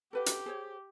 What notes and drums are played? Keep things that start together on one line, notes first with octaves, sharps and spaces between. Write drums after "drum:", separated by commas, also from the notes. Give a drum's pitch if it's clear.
G4 A4 B4 F#5
drum: hi-hat
G#4 C5 C#5